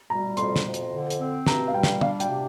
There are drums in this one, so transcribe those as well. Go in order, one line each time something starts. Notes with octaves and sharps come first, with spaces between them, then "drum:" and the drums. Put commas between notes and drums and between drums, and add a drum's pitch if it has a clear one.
G3 A#5
F2 C6, drum: hi-hat
drum: snare
F2
drum: hi-hat
D3
drum: hi-hat
C4
G2 A#5, drum: snare
F5
G3 G5
drum: snare
D4 F5, drum: tom
G5, drum: hi-hat
C3